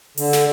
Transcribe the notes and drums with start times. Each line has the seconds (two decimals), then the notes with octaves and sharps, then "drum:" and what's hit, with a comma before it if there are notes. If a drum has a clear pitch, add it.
0.17 D3, drum: open hi-hat
0.33 drum: snare